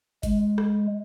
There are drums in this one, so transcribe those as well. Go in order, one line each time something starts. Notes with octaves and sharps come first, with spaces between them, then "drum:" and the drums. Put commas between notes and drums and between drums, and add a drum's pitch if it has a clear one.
G#3, drum: kick G#1, hi-hat
drum: rim click